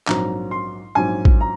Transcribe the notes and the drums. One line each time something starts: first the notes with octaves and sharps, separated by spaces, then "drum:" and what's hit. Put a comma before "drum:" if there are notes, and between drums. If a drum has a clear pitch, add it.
A#1 G#2 F#3 C4 A#5, drum: clap
C6
A#1 G#2 F#3 C4 G#5
drum: kick A1
A#5